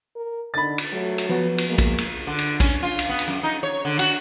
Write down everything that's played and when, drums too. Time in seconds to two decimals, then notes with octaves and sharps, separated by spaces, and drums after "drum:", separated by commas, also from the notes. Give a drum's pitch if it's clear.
0.15 A#4
0.54 D3 D#4 B5 A6
0.78 drum: cymbal
0.92 F#3 A3
1.18 drum: cymbal
1.29 F3 B3 F#4 B4
1.58 drum: cymbal
1.68 G#3 A#3
1.78 drum: kick, cymbal
1.98 drum: cymbal
2.27 D3
2.38 drum: cymbal
2.60 C#4, drum: kick, cymbal
2.83 F4
2.99 drum: cymbal
3.09 B3
3.19 drum: cymbal
3.28 F#2
3.43 D#4
3.63 C#5
3.85 D3
3.99 F#4, drum: cymbal